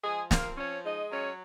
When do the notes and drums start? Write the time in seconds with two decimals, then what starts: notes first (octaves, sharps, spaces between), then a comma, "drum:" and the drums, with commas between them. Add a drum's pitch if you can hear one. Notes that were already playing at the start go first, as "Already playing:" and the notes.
0.04 F3 G#3 G#4
0.31 A#3 C4 A#4, drum: snare
0.58 F3 C#4 C#5
0.85 G#3 D#4 D#5
1.11 F#3 C#4 C#5